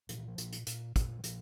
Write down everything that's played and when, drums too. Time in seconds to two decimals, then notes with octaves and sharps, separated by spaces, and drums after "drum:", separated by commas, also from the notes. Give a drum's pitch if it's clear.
0.09 A#2 F3, drum: hi-hat
0.18 E3
0.28 F3
0.38 A#2, drum: hi-hat
0.53 drum: hi-hat
0.67 A#2, drum: hi-hat
0.96 A#2, drum: kick, hi-hat
1.19 F#3
1.24 A#2 F3, drum: hi-hat